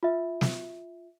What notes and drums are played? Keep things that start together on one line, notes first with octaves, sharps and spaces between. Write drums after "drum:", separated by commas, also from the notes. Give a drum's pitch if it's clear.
F4 E5
drum: snare